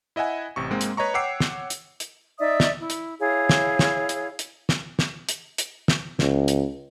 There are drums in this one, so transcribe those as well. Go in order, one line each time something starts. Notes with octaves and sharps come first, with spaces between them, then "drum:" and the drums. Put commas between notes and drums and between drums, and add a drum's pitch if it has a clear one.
E4 D#5 E5 F#5 G#5
A1 C3 C#6
G#2 G#3 A#3 C4
drum: hi-hat
B4 C#5 D#5 A#5 C#6
C#5 F#5 G5 D6 E6 C7
drum: snare
drum: hi-hat
drum: hi-hat
D#4 D5 E5 D#6
drum: snare
E4
drum: hi-hat
E4 G#4 C#5 F5
drum: snare
drum: snare
drum: hi-hat
drum: hi-hat
drum: snare
drum: snare
drum: hi-hat
drum: hi-hat
drum: snare
C#2, drum: snare
drum: hi-hat